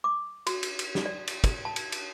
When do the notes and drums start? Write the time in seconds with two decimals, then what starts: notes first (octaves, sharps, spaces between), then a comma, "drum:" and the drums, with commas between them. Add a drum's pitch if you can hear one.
0.04 D6
0.47 F#4, drum: cymbal
0.63 drum: cymbal
0.79 drum: cymbal
0.95 drum: snare
1.06 D5
1.27 drum: cymbal
1.44 drum: kick, cymbal
1.65 A5
1.76 drum: cymbal
1.92 drum: cymbal